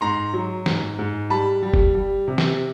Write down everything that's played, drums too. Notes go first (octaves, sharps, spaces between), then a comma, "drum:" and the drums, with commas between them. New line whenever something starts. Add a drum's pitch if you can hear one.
G#2 A#5 C6
F#3
G#2, drum: snare
G#2
G3 A5 B5
G3
drum: kick F#1
G3
C3
drum: snare